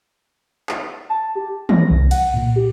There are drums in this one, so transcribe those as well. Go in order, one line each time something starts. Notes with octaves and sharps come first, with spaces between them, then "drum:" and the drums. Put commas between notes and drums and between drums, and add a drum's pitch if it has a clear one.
drum: clap
A5
G4
A#6, drum: tom
C2
F#5, drum: cymbal
A#2
G4